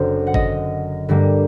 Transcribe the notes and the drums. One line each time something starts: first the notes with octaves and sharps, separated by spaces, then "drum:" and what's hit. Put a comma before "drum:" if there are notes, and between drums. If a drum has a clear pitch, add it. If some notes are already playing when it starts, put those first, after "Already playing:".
Already playing: F#1 F#2 D3 C5
F#5
D#5, drum: kick
G2 D3 G3 A#3